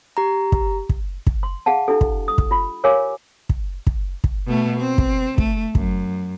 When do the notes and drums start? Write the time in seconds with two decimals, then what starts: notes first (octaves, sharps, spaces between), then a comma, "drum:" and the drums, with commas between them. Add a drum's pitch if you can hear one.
0.17 G4 A#5
0.52 drum: kick
0.89 drum: kick
1.27 drum: kick
1.43 C6
1.66 G#4 F5 F#5 A5
1.88 D4 E4 G4 A4
2.01 drum: kick
2.28 D#6
2.38 drum: kick
2.51 F4 B5
2.84 G4 A#4 C#5 F5 G#5 D6
3.49 drum: kick
3.87 drum: kick
4.24 drum: kick
4.47 B2 A3
4.79 C4
4.98 drum: kick
5.38 A3, drum: kick
5.75 F#2, drum: kick